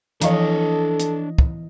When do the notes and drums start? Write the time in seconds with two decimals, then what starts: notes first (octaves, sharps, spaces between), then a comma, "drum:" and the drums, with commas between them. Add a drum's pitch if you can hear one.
0.22 E3 F3 D4 A4 C#5 D#5 F5 A#5, drum: hi-hat
1.00 drum: hi-hat
1.38 drum: kick